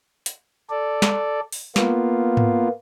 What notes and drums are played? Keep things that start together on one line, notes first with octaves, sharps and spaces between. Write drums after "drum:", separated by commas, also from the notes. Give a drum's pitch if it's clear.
drum: hi-hat
A4 D5
drum: snare
drum: open hi-hat
A#3 B3 F4, drum: snare
drum: tom G#2